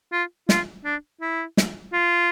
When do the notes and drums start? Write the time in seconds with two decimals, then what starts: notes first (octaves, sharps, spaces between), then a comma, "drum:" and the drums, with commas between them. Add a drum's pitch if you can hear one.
0.12 F4
0.49 F4, drum: snare
0.84 D4
1.21 E4
1.57 drum: snare
1.93 F4